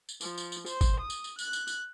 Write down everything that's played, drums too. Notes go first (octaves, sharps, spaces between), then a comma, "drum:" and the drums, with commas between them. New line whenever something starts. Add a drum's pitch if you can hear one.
drum: tambourine
F3, drum: tambourine
drum: tambourine
drum: tambourine
C5, drum: tambourine
drum: kick, tambourine
D#6
drum: tambourine
drum: tambourine
F#6, drum: tambourine
drum: tambourine
drum: tambourine